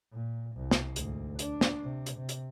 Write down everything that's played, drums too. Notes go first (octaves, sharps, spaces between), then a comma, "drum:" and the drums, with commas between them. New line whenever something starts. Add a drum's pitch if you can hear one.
A#2
C2
drum: snare
D2 G#2, drum: hi-hat
D4, drum: hi-hat
drum: snare
C3
drum: hi-hat
C3
drum: hi-hat